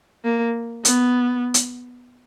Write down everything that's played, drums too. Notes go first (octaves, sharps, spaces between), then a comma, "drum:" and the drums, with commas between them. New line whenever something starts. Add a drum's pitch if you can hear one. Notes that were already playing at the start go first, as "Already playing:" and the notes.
A#3
B3, drum: hi-hat
drum: hi-hat